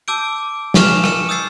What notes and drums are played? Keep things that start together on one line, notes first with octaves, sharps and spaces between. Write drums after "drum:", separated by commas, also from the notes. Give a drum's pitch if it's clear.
A5 D6 E6 G6 D7
G#5 C#6 D#6 F6 E7 F7, drum: snare
C#7 E7, drum: rim click
D#6 E6 G6 A6 C7